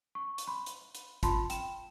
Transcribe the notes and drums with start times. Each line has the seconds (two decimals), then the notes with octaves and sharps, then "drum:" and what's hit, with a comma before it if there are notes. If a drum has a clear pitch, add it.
0.15 C#6
0.38 drum: hi-hat
0.47 B5 C6
0.66 drum: hi-hat
0.95 drum: hi-hat
1.23 F4 A5 B5 C6, drum: kick, hi-hat
1.50 G5 E7, drum: hi-hat